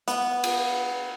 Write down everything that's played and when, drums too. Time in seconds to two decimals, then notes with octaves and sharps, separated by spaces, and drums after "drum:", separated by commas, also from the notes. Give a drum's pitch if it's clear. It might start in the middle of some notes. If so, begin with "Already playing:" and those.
0.08 B3, drum: hi-hat
0.44 drum: cymbal